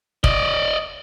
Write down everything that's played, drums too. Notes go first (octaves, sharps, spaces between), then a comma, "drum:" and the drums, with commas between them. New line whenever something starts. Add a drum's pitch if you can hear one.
D5 D#5, drum: kick